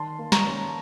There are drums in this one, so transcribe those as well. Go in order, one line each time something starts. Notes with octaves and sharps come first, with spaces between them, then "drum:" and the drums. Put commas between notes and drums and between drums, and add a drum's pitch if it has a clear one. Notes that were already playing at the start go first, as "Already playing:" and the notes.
Already playing: D#3 A5 C6
A#3
A#5 C#6, drum: snare
C#4